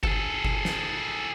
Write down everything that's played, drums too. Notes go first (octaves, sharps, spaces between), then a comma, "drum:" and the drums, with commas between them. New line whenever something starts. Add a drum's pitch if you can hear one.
G#4 A4, drum: kick G1
drum: kick G1
drum: snare